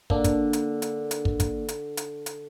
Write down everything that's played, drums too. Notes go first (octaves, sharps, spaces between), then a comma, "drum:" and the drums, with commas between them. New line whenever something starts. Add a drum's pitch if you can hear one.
D3 A#3 D4, drum: kick
drum: kick, hi-hat
drum: hi-hat
drum: hi-hat
drum: hi-hat
drum: kick
drum: kick, hi-hat
drum: hi-hat
drum: hi-hat
drum: hi-hat